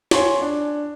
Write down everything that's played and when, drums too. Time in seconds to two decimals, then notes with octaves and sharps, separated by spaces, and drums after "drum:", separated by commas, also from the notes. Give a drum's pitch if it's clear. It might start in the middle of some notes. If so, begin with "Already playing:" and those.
0.11 C#5 G#5 C6 C#6, drum: snare
0.41 D4